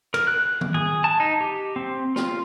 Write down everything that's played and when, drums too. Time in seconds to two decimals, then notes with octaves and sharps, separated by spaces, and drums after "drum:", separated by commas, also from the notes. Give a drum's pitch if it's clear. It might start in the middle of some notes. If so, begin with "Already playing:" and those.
0.14 A#4, drum: cymbal
0.27 F#6
0.61 drum: tom
0.74 G#4, drum: tom
1.04 A5
1.20 D#4
1.41 G4
1.76 C4
2.16 F4, drum: snare